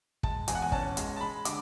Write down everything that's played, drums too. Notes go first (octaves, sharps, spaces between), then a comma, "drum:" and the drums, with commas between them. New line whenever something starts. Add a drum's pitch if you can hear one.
G#3 A5, drum: kick
E2 G#5, drum: hi-hat
F#5
G#5
C#4 A5, drum: kick
G#3, drum: hi-hat
A5
G#3 B5
D3 D6, drum: hi-hat